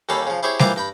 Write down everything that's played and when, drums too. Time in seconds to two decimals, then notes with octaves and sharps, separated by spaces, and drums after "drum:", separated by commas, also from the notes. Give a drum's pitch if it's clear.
0.09 D#2 G3 C#4 A4 F5 B5
0.27 C#3 F3
0.43 E4 G4 G#4 C5 C#5 E5
0.59 E3 G3 F4 G4 A#4 C5, drum: snare G3
0.76 G2 G5 B5